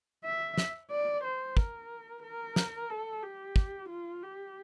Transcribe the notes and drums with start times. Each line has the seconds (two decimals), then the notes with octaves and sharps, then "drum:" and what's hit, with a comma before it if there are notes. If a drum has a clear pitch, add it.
0.24 E5
0.58 drum: snare
0.90 D5
1.24 C5
1.57 A#4, drum: kick
2.23 A#4
2.56 drum: snare
2.90 A4
3.23 G4
3.56 drum: kick
3.89 F4
4.23 G4